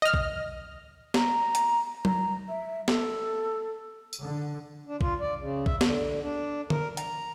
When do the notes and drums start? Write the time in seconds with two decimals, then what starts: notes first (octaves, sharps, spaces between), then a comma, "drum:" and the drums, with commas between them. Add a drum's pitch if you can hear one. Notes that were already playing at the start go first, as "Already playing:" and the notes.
0.02 D#5 F6
0.14 drum: kick
1.14 A#5, drum: snare
1.55 drum: hi-hat
2.05 A#5, drum: tom F#3
2.48 E5
2.88 A4, drum: snare
4.13 drum: tambourine
4.22 D3
4.87 D4
5.01 F4, drum: kick
5.20 D5
5.41 C#3
5.66 E5, drum: kick
5.81 D3, drum: snare
6.22 D4
6.70 A#4, drum: tom D3
6.97 A#5, drum: hi-hat